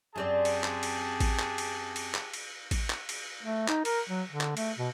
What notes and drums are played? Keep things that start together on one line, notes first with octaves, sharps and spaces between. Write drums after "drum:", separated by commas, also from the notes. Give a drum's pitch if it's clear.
F#2 C4 G4 G#4 D5 A5
drum: cymbal
drum: clap
drum: cymbal
drum: kick A1, cymbal
drum: clap
drum: cymbal
drum: cymbal
drum: clap
drum: cymbal
drum: kick A1, cymbal
drum: clap
drum: cymbal
A3
D#4, drum: clap
A#4, drum: cymbal
F#3
D3
drum: clap
A3, drum: cymbal
B2